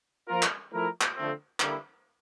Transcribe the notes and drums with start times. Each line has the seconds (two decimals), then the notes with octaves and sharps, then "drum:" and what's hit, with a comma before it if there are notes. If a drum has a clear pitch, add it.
0.28 F3 A#3 F4 A#4
0.42 drum: clap
0.72 F3 A3 E4 A#4
1.01 drum: clap
1.15 D3 F3 A3 C4
1.60 D3 G3 A#3 E4, drum: clap